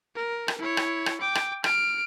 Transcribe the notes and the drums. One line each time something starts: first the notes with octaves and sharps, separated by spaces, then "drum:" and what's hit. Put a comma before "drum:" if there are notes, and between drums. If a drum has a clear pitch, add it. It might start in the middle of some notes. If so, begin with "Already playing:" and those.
A#4
drum: rim click
E4 C#5
drum: rim click
drum: rim click
G5 D6
drum: rim click
F6 D7, drum: rim click